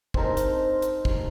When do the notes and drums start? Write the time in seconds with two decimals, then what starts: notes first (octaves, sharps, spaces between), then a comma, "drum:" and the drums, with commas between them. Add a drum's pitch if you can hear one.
0.14 C4 D4 D#4 A#4, drum: kick
0.37 drum: hi-hat
0.82 drum: hi-hat
1.05 drum: kick